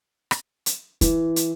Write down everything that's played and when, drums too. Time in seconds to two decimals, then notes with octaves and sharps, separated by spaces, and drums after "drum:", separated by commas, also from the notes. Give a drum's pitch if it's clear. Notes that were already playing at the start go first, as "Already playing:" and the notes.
0.31 drum: rim click
0.66 drum: hi-hat
1.01 E3, drum: kick, hi-hat
1.36 drum: hi-hat